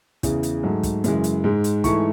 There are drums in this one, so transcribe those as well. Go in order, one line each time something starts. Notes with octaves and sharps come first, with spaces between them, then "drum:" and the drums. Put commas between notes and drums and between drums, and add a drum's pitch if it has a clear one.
E2 C#3 E3, drum: kick, hi-hat
drum: hi-hat
G#2 F#3 A3
drum: kick, hi-hat
F#2 C#3 E3 G#3, drum: hi-hat
drum: hi-hat
G#2 G#3
drum: hi-hat
G#2 E3 A3 C#6, drum: kick, hi-hat